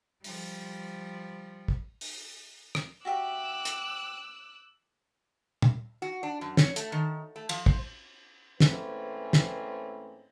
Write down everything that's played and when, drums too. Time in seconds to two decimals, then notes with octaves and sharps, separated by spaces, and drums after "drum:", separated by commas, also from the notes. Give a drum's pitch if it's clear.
0.24 F3 G3, drum: open hi-hat
1.68 drum: kick
2.01 drum: open hi-hat
2.75 drum: rim click
3.05 F#4 G4 E5 D6 E6 F#6
3.65 drum: hi-hat
5.62 drum: tom
6.02 F#4
6.23 D4
6.41 F#2
6.57 C#5, drum: snare
6.76 A3, drum: hi-hat
6.92 D#3
7.36 A3
7.49 F3, drum: cymbal
7.66 C5, drum: kick
8.60 G#2 E3 A3 C4 C#4 B4, drum: snare
9.33 drum: snare